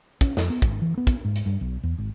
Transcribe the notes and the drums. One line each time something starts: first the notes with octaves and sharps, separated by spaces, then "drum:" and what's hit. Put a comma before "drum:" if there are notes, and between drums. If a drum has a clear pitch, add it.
C#4, drum: kick, hi-hat
F2, drum: snare
B3, drum: open hi-hat
G#1, drum: kick, hi-hat
E3
B3
drum: kick, hi-hat
G#2
drum: hi-hat
G2
B1
E2
G#1